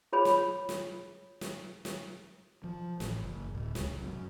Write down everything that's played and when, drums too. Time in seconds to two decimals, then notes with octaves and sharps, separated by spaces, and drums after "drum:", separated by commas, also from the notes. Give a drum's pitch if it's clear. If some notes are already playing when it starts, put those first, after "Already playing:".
0.13 F4 G#4 C#5 B5
0.25 drum: snare
0.69 drum: snare
1.41 drum: snare
1.85 drum: snare
2.64 F3
3.00 A1, drum: snare
3.23 F#1
3.52 D1
3.75 C#2, drum: snare
3.91 C2
4.03 F#2